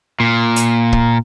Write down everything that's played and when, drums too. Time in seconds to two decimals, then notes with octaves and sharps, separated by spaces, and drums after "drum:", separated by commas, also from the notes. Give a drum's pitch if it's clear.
0.20 A#2
0.56 drum: hi-hat
0.92 drum: kick